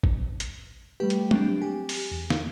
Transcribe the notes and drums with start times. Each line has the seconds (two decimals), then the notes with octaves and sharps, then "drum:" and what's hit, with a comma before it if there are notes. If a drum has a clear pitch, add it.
0.03 drum: kick G#1
0.40 drum: hi-hat
1.00 G3 A3 G4 B4 G5
1.10 drum: hi-hat
1.31 F#3 C4 D4, drum: tom
1.62 G4 G#5
1.89 drum: open hi-hat
2.11 E2
2.30 drum: snare